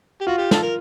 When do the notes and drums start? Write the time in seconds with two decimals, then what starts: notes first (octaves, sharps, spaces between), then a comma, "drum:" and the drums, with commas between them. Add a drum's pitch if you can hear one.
0.21 G4
0.26 F4 F#4
0.38 G4
0.51 A4, drum: snare
0.62 A#4